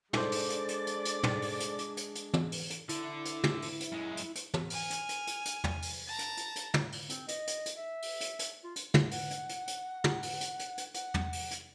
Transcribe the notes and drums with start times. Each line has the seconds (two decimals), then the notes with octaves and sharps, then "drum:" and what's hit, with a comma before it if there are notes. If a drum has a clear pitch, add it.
0.13 G#3 D4 A4 C5 D5 D6, drum: tom
0.32 drum: open hi-hat
0.50 drum: hi-hat
0.68 drum: hi-hat
0.87 drum: hi-hat
1.05 drum: hi-hat
1.23 drum: tom
1.42 drum: open hi-hat
1.60 drum: hi-hat
1.78 drum: hi-hat
1.97 drum: hi-hat
2.15 drum: hi-hat
2.33 drum: tom
2.52 drum: open hi-hat
2.70 drum: hi-hat
2.89 D3 E4, drum: hi-hat
3.25 drum: hi-hat
3.44 drum: tom
3.62 drum: open hi-hat
3.80 drum: hi-hat
3.92 F#2 G#3
4.17 drum: hi-hat
4.35 drum: hi-hat
4.54 drum: tom
4.70 G#5 F6, drum: open hi-hat
4.90 drum: hi-hat
5.09 drum: hi-hat
5.27 drum: hi-hat
5.45 drum: hi-hat
5.64 drum: tom
5.82 drum: open hi-hat
6.07 A5 A#5
6.19 drum: hi-hat
6.37 drum: hi-hat
6.55 drum: hi-hat
6.74 drum: tom
6.92 drum: open hi-hat
7.09 C4, drum: hi-hat
7.28 D#5, drum: hi-hat
7.47 drum: hi-hat
7.66 drum: hi-hat
7.76 E5
8.02 drum: open hi-hat
8.21 drum: hi-hat
8.39 drum: hi-hat
8.64 F4
8.76 drum: hi-hat
8.94 drum: tom
9.11 F#5, drum: open hi-hat
9.31 drum: hi-hat
9.49 drum: hi-hat
9.67 drum: hi-hat
10.04 drum: tom
10.22 drum: open hi-hat
10.41 drum: hi-hat
10.59 drum: hi-hat
10.78 drum: hi-hat
10.94 F#5, drum: hi-hat
11.14 drum: tom
11.33 drum: open hi-hat
11.51 drum: hi-hat